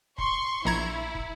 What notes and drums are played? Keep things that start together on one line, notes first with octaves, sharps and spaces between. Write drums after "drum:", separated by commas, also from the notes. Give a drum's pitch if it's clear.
C6 C#6, drum: kick
A#1 E4 A#5 G#6
drum: kick